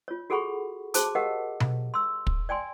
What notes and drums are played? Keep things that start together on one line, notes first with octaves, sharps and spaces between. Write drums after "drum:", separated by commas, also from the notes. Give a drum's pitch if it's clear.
F4 C#5
F#4 G#4 A4 F#5 B5 C#6
F#4 G#4 C5 A5 D6, drum: hi-hat
G4 A#4 D#5 F5 F#5
drum: tom B2
C6 E6
drum: kick
D5 G5 G#5 C6